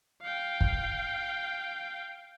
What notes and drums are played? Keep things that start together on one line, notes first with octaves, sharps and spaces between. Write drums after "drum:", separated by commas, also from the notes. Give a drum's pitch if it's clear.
F5 G5
drum: kick